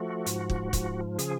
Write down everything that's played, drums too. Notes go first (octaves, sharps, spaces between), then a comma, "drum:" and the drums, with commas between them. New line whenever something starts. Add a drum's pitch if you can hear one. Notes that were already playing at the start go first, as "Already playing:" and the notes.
Already playing: F3 A3 F#4
G#2, drum: hi-hat
drum: kick
F3, drum: kick, hi-hat
C#3 G#4, drum: hi-hat